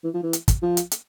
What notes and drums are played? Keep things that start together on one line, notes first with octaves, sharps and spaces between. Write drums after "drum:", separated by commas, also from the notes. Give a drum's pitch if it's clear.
E3
F3
E3
drum: hi-hat
drum: kick, hi-hat
F3
drum: hi-hat
drum: hi-hat